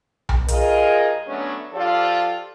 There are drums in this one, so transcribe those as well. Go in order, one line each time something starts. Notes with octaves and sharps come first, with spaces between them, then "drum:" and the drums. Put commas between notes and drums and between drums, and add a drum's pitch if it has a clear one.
drum: tom B1
G2 F4 G#4 A#4 D#5, drum: hi-hat
F#3 A3 B3 C#4 D4
F3 F4 G4 A4 D5